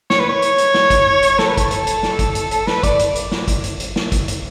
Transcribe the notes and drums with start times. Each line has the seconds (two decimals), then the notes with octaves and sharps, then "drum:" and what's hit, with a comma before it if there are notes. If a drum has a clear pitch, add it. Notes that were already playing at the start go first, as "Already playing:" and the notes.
0.10 C#5, drum: snare
0.20 B4
0.29 C#5
0.42 drum: hi-hat
0.58 drum: hi-hat
0.74 drum: snare
0.90 drum: kick, hi-hat
1.22 drum: hi-hat
1.39 A4, drum: snare
1.48 B4
1.57 A4, drum: kick, hi-hat
1.71 drum: hi-hat
1.87 drum: hi-hat
2.03 drum: snare
2.19 drum: kick, hi-hat
2.35 drum: hi-hat
2.51 drum: hi-hat
2.67 B4, drum: snare
2.83 D5, drum: kick, hi-hat
2.99 drum: hi-hat
3.15 drum: hi-hat
3.32 drum: snare
3.48 drum: kick, hi-hat
3.64 drum: hi-hat
3.80 drum: hi-hat
3.96 drum: snare
4.12 drum: kick, hi-hat
4.28 drum: hi-hat